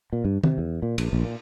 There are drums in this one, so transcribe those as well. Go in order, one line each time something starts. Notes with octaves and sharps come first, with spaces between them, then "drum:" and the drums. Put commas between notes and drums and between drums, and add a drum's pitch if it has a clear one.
A#2
G2
C3, drum: tom
E2
A#2
A#1, drum: cymbal
A#1
A#2